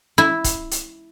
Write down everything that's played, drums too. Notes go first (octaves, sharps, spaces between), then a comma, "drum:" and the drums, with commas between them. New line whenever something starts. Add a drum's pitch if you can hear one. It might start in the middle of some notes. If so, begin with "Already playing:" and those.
E4
drum: kick, hi-hat
drum: hi-hat